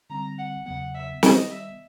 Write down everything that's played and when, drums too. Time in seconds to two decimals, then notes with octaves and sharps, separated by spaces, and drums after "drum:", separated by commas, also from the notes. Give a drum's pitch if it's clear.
0.10 D3 G3 C4 A#5
0.38 F#5
0.66 E2 C#3 F#3 B3 F#5
0.95 E5
1.23 D#3 G3 B3 D#5, drum: snare
1.51 E5